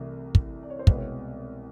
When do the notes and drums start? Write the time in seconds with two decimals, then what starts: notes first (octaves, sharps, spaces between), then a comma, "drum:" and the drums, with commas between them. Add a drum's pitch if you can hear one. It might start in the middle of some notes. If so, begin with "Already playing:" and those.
Already playing: C2 C3 E3 A3
0.35 drum: kick
0.63 D5
0.70 C#5
0.79 C5
0.87 C2 B2 G#3 C4 B4, drum: kick
0.98 C#5